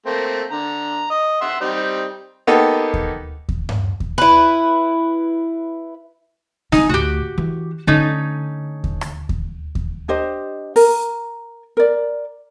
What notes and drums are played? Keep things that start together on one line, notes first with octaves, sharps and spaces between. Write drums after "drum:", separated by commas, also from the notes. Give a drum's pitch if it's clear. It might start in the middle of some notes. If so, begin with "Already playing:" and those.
A3 A#3 C4
D3 A#5
D#5
E5 F#5 C6
G3 C4 D#4
A#3 B3 D#4 G4 A4
drum: kick D#2
drum: kick D#2
drum: tom G2
drum: kick D#2
E4 B4
C4 D#4 F4 G#5, drum: snare
D2 A2 F#4 G4
E3
D3 A3 C#4 D#4
drum: kick D#2
drum: rim click
drum: kick D#2
drum: kick D#2
D4 G4 C5 D#5
A#4, drum: open hi-hat
A#4 D5